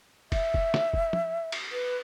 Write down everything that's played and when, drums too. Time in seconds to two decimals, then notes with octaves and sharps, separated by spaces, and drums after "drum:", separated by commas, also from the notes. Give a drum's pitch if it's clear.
0.32 E5, drum: kick, cymbal
0.54 drum: kick
0.74 drum: snare
0.94 drum: kick
1.13 drum: tom
1.52 drum: cymbal
1.72 B4